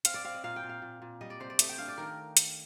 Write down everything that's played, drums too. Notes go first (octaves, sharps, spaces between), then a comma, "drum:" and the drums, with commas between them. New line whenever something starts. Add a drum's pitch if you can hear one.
C4 F5, drum: hi-hat
D5
C4 F5
D#5
A#2 F5
G5
A#2
F5
A#2
A#2
G3 D#5
D5
C3 C5
D5
A3 D#5, drum: hi-hat
G5
D4 F5
D5
D#3 A#4
drum: hi-hat